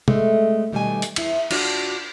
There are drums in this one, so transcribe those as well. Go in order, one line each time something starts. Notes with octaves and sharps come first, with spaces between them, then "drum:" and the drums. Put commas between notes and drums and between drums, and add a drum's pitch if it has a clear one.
G#3 A3 C4, drum: tom
B2 D#3 G3 A3 E5 G#5
drum: hi-hat
E2 E4, drum: cymbal
D4 F4 F#4 D5, drum: cymbal